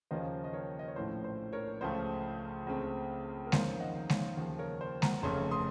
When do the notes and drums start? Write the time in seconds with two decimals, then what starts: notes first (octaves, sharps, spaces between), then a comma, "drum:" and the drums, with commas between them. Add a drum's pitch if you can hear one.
0.11 D#2 C#3 F3 A#3 C#4 C5 D#5
0.44 D#5
0.53 A#4 C#5
0.79 D#5
0.88 C#5
0.96 A#1 A2 F3 A3 C#4 C5
1.24 C5
1.53 A#4 C#5
1.81 C#2 C#3 F3 A3 C5
2.67 C#2 C#3 A3 C4
3.47 A#4
3.52 F2 D#3 A#3 C#4 C5, drum: snare G#3
3.80 D#5 F#5
4.10 C#5 F5, drum: snare G#3
4.37 D#2 C#3 F3
4.59 A#4 C#5
4.81 C5
5.02 F#5 A#5, drum: snare G#3
5.22 F1 F2 C#3 A3 C#4 A5 C6
5.51 C6 D#6